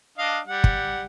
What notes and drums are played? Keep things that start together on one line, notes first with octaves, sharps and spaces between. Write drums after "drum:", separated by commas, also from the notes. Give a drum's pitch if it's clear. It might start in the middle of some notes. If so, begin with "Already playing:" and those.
D4 D#5 F5
G3 F#5
drum: kick